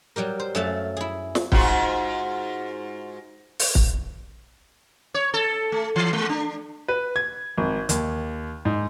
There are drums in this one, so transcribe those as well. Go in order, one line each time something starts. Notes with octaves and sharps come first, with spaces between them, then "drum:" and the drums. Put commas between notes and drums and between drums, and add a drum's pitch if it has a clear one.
F#3 G3 G4 A#4
C5
F#2 F#3 A3 A4 F5 A5
E4 G#4
drum: snare
G#2 F4 F#4, drum: kick
drum: open hi-hat
drum: kick
C#5
A4
A3
E3
G#3
D4
B4
G#6
G#1
D#2, drum: hi-hat
G#2